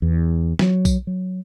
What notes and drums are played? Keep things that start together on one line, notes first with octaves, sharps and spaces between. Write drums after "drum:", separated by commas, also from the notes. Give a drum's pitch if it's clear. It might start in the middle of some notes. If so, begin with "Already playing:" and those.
E2
F#3, drum: snare
drum: kick B1, tambourine
F#3